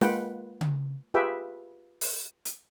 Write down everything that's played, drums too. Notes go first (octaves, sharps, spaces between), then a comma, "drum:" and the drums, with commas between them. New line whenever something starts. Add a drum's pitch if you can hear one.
G#3 A#3 F4 B4 F#5 G5, drum: snare
drum: tom C#3
F4 G4 G#4 B4 E5 G5
drum: open hi-hat
drum: hi-hat